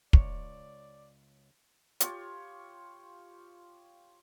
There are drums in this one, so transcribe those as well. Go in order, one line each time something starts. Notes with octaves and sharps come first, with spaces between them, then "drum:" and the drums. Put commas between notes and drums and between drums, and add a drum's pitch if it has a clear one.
C#2 C#5 D5, drum: kick
F4 G4 C#5, drum: hi-hat